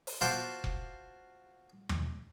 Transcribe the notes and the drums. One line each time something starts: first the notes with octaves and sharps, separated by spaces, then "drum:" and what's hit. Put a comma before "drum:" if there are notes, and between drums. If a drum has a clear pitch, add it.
drum: open hi-hat
F4 F#4 C5 A5 D6, drum: snare
drum: kick F1
drum: tom